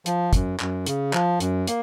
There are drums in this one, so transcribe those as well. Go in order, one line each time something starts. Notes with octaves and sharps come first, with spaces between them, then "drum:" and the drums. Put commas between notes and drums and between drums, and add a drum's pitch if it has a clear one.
F3, drum: hi-hat
F#2, drum: kick, hi-hat
F#2, drum: clap
C#3, drum: hi-hat
F3, drum: clap
F#2, drum: hi-hat
A#3, drum: hi-hat